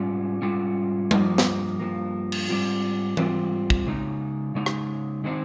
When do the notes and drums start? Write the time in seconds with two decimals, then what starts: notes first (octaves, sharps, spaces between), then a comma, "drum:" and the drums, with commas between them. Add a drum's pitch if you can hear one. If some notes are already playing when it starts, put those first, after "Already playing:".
Already playing: G#2 G3 C#4 F4
0.42 G#2 G3 C#4 F4
1.11 G2 F3 A#3, drum: tom G3
1.38 drum: snare
1.80 G2 F3 A#3
2.32 drum: cymbal
2.49 G#2 G3 C4 F4
3.17 G#2 G3 C4 F4, drum: tom E3
3.70 drum: kick
3.86 C#3 G#3 D#4
4.55 C#3 G#3 D#4
4.66 drum: rim click
5.24 D#3 G#3 C4 D#4